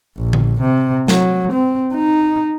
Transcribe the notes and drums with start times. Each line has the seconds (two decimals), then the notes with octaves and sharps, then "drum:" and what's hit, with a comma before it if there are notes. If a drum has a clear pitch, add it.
0.17 A#1
0.33 drum: tom D3
0.61 C3
1.08 F#3, drum: snare
1.53 C4
1.95 D#4